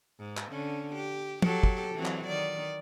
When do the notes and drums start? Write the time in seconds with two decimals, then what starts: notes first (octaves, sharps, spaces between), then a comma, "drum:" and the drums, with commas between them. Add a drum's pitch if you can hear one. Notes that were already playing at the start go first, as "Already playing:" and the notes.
0.19 G#2
0.37 drum: clap
0.51 D3 C#4
0.95 G4
1.42 F#3 G4 A4, drum: tom
1.63 drum: kick
1.95 E3 F#3 C4
2.06 drum: clap
2.27 D#3 D5